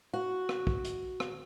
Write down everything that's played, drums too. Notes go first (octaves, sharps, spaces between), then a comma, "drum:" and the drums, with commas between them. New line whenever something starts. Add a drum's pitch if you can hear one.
F#4
drum: rim click
drum: kick
drum: hi-hat
drum: rim click